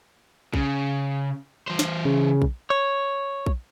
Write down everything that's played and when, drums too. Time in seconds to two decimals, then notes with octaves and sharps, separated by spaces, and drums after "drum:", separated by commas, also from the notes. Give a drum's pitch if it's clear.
0.54 C#3, drum: kick A#1
1.68 E3 C5
1.79 drum: snare
2.05 C#3
2.42 drum: kick A#1
2.70 C#5
3.46 drum: kick A#1